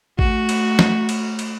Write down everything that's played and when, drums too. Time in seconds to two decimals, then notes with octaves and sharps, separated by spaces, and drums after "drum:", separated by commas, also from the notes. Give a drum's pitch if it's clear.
0.19 A3 F#4, drum: kick G#1
0.49 drum: cymbal
0.79 drum: snare
1.09 drum: cymbal
1.39 drum: cymbal